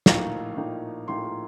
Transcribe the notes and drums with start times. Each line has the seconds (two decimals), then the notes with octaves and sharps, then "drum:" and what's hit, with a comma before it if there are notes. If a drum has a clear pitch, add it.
0.06 A#1 A2 F3 A#3 D#4 F5, drum: snare
0.57 A#1 A2 F3 A#3 D#4
1.08 A#1 A2 F3 A#3 D#4 C6
1.25 C6